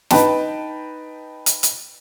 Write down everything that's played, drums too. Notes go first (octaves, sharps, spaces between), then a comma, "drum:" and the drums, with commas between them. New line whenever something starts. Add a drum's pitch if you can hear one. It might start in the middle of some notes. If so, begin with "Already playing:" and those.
D#4 B4 G5 A5, drum: snare
drum: hi-hat
drum: hi-hat